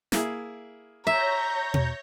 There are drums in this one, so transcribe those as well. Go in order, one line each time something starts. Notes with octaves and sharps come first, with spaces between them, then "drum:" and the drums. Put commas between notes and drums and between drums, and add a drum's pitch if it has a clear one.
A#3 E4 G#4, drum: snare
C#5 E5 A#5 G6 A#6
drum: tom B2